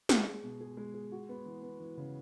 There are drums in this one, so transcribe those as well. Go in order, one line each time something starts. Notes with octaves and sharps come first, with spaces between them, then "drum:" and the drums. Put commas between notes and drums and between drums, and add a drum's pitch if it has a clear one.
G#3, drum: snare
G#4
B2
G#4
G#3
G#4
F#4
B3
E3
B3
E3
C#3